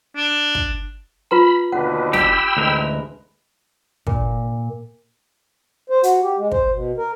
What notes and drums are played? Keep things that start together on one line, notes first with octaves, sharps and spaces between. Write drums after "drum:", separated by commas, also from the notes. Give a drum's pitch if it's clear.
D4
drum: kick
F4 B4 A#5 B5
D#2 B2 D3 B4 F#5
G4 G5 B5 E6, drum: snare
A1 D2 G#3 A#4 B4
A#2, drum: kick
C5
F#4, drum: hi-hat
G4
G#3
C5, drum: kick
B2
A#4